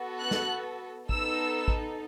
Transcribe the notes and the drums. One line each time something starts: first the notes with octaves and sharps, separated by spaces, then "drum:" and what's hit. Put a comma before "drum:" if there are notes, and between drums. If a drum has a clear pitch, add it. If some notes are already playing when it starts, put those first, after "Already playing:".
Already playing: B3 F#4 A4
F#6
drum: snare
B3 D#4 A4 E6, drum: kick A1
drum: kick A1